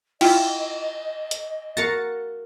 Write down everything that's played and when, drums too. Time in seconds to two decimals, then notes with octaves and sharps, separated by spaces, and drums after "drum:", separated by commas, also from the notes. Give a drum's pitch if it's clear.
0.21 E4 F4 D#5 G5, drum: cymbal
1.31 drum: hi-hat
1.77 F#4 A#4 F5 A6 A#6 C#7